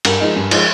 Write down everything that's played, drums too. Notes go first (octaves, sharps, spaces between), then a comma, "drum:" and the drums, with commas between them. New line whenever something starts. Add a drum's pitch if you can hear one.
G2 A#4, drum: cymbal
F3 G#3 D#4
G2
F3 G#3 D#4, drum: cymbal